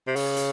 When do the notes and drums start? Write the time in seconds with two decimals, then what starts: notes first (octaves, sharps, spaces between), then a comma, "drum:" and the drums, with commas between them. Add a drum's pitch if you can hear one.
0.07 C3
0.16 C#3, drum: open hi-hat
0.37 drum: hi-hat